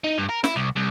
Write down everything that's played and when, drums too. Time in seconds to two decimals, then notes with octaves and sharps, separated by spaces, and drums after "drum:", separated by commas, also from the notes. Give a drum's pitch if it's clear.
0.04 D#4
0.18 G2
0.29 A#4
0.44 E4, drum: snare
0.56 C2
0.76 C2